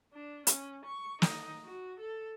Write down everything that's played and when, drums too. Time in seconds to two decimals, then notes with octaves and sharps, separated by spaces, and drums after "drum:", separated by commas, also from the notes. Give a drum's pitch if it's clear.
0.14 D4
0.47 C#4, drum: hi-hat
0.85 C#6
1.22 D#4, drum: snare
1.64 F#4
1.99 A4